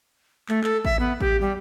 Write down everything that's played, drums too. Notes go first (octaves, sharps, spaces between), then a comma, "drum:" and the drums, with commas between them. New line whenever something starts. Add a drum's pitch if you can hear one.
A3, drum: clap
A4, drum: clap
E5, drum: kick A1
B3
G4, drum: kick A1
G3